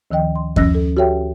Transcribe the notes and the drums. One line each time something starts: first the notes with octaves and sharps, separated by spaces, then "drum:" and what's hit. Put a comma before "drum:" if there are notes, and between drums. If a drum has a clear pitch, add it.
D2 D#3 F3 D#5 G5
C6
D2 F3 C#4 E6 F#6 A#6, drum: kick F#2
A4
F#4 G4 A4 C#5 E5 G5